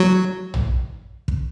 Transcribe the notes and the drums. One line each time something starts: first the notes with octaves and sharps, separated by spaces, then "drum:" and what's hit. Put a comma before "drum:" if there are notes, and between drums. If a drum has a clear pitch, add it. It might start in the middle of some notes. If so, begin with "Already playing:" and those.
Already playing: F#3
drum: tom A#1
drum: kick